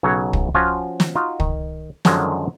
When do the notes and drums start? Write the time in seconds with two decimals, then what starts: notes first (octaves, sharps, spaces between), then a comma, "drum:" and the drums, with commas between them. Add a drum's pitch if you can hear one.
0.03 B1 C#3 F#3 C#5 F#5
0.33 drum: kick
0.54 F3 C#4 F4 F#4
1.00 drum: snare
1.15 D#4 F4 F#4
1.40 D#3, drum: kick
2.05 F#2 D3 D#3 F3 F#3 G#3, drum: snare